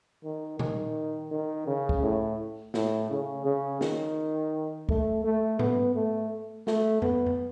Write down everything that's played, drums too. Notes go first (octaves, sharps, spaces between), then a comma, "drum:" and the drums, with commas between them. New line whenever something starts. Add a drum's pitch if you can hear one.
D#3
D#3, drum: tom A#2
D#3
C#3
drum: kick
A2
A2, drum: snare
C#3
C#3
D#3, drum: snare
A3, drum: kick
A3
B3, drum: tom G#2
A3
A3, drum: snare
B3, drum: tom F2
drum: tom F2